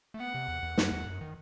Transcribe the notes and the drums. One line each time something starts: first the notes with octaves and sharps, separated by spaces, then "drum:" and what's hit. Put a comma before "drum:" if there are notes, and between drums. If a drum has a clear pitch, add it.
A3
B3 F#5
C3
E2
E2
F#2, drum: snare
E2
F#2
D#3